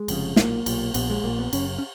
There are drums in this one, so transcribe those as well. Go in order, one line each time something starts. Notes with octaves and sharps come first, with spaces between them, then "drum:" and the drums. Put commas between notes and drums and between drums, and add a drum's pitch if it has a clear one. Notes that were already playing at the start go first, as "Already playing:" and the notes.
Already playing: G#3
F1 F2 C#3, drum: cymbal
B1 A#2 A#3, drum: snare
B1 A#2, drum: cymbal
A#1 A#2 B3, drum: cymbal
G#3
A#1 A#2 A#3
B3
F#1 F#2 C#3 C#4, drum: cymbal
C#4